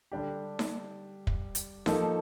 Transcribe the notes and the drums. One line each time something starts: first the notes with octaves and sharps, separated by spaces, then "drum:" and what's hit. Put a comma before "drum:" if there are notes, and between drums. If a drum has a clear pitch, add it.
D3 G3 D4 G4
drum: snare D#4
drum: kick
drum: hi-hat
F3 A#3 D#4 A4, drum: snare D#4